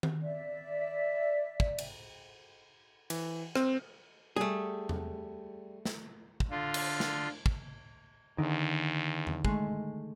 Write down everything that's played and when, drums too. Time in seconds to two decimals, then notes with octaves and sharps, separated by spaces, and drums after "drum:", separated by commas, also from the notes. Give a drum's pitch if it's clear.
0.03 drum: tom D#3
0.21 D5 E5
1.60 drum: kick
1.78 drum: cymbal
3.10 E3, drum: cymbal
3.55 C4, drum: rim click
4.36 G3 A3 G#4
4.89 drum: tom E2
5.85 drum: snare
6.40 drum: kick
6.51 D3 F4
6.74 drum: cymbal
7.00 drum: snare
7.46 drum: kick
8.38 E2 D3 D#3
9.27 drum: tom E2
9.45 G#3 A3, drum: kick